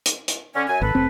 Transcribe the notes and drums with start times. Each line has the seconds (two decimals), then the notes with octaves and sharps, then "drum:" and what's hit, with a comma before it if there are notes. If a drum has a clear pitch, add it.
0.06 drum: hi-hat
0.28 drum: hi-hat
0.55 D3 C#4
0.68 F#2 G#5
0.82 G#1 A4 B4
0.95 F1 C4